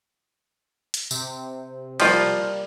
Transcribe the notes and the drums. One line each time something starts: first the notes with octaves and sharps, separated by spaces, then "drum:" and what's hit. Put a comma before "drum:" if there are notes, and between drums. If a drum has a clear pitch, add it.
drum: hi-hat
C3, drum: tambourine
F3 G3 A3 A#3 F4, drum: cymbal